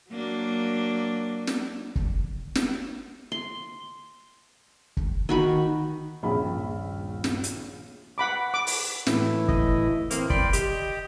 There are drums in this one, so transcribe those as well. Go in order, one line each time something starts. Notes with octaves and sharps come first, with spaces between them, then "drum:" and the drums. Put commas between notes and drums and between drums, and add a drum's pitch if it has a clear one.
F#3 A#3 D4
drum: snare
drum: kick
drum: snare
C6
drum: kick
D#3 F#4 B5
D#1 A#1 G2 C#3 C4 B5
drum: snare
drum: hi-hat
F#5 B5 D6
D6
drum: open hi-hat
A2 E3 E4, drum: snare
D#5, drum: kick
E3 A#3 C4, drum: hi-hat
D5 G5 B5 C6, drum: kick
G4 D#5 G5, drum: hi-hat